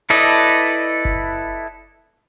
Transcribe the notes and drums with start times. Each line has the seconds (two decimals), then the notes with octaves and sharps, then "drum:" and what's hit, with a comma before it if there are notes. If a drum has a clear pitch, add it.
0.10 E4 A4 B4 D5 D#5
1.05 drum: kick F#1